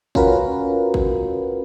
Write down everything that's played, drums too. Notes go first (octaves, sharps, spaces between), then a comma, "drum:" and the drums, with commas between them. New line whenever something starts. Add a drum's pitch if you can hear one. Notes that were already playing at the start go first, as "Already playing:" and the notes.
C#4 F4 F#4 A#4 B4, drum: kick
drum: kick